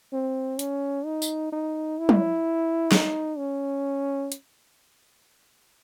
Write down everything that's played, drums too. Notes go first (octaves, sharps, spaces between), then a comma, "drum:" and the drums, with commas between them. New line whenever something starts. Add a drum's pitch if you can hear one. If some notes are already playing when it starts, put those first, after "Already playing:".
C4
C#4, drum: hi-hat
D#4
drum: tambourine
D#4
E4
drum: tom
D#4, drum: snare
C#4
drum: hi-hat